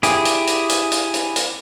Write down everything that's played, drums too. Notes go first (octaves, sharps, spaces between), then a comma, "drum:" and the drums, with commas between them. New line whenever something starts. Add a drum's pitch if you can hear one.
E4 G4 G#4, drum: hi-hat
drum: hi-hat
drum: hi-hat
drum: hi-hat
drum: hi-hat
drum: hi-hat
drum: hi-hat